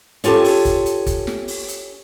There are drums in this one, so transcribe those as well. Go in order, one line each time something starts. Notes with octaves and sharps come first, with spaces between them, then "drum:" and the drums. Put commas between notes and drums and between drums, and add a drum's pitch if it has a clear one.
C#4 F4 G4 A4, drum: hi-hat
drum: open hi-hat
drum: kick, hi-hat
drum: hi-hat
drum: kick, hi-hat
drum: snare
drum: open hi-hat
drum: hi-hat